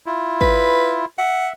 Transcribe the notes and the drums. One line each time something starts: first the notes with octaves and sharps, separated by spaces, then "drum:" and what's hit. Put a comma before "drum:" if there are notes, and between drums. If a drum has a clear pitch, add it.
E4 F4
B4, drum: kick
E5 F#5